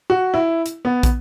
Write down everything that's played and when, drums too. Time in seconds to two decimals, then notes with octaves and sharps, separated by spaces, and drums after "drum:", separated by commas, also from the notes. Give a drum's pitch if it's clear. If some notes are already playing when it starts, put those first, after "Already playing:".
0.10 F#4
0.34 E4
0.66 drum: hi-hat
0.85 B3
1.03 drum: kick, hi-hat